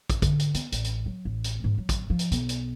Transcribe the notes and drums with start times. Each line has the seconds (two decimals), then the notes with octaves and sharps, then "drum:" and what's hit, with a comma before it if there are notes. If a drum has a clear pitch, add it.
0.10 drum: kick, hi-hat
0.22 D3, drum: kick, hi-hat
0.39 drum: hi-hat
0.54 B3, drum: hi-hat
0.72 A1, drum: hi-hat
0.84 drum: hi-hat
1.06 F#3
1.25 A1
1.44 drum: hi-hat
1.64 G#2
1.78 F#3
1.89 drum: kick, hi-hat
2.10 F3
2.19 drum: hi-hat
2.32 B1, drum: hi-hat
2.49 drum: hi-hat